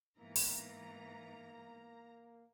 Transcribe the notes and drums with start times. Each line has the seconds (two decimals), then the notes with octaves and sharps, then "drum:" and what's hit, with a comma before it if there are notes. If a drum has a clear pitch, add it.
0.20 G#2 E3 A#3 B3 A#5
0.36 drum: open hi-hat